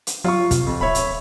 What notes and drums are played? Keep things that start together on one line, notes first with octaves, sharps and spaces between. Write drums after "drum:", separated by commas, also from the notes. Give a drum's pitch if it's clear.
drum: hi-hat
F#3 F4 C#6
C3, drum: kick, hi-hat
F2
D1 C#5 E5 B5
drum: hi-hat